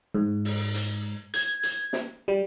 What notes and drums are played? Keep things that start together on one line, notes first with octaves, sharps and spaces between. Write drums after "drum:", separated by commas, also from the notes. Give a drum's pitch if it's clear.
G#2
drum: open hi-hat
drum: hi-hat
G#6, drum: hi-hat
drum: hi-hat
drum: snare
G3